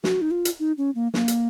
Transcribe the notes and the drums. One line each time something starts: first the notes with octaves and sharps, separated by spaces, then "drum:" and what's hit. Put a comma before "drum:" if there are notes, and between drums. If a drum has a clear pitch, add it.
F#4, drum: snare
D#4
F4
drum: hi-hat
D#4
C#4
A#3
A#3, drum: snare
drum: hi-hat